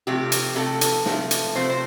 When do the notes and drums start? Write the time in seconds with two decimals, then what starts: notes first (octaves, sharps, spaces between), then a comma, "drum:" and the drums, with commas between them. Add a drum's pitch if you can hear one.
0.07 C3 F3 A3 G4
0.32 drum: hi-hat
0.56 C3 F3 A3 A4
0.81 drum: hi-hat
1.06 C3 F3 A3, drum: snare
1.31 drum: hi-hat
1.55 C3 F3 A3 C5
1.70 C5